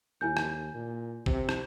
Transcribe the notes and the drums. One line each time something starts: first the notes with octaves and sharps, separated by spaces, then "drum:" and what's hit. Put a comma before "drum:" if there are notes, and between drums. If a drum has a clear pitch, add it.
D#2 E4 G#5 G6
drum: rim click
A#2
C3, drum: kick A#1
drum: rim click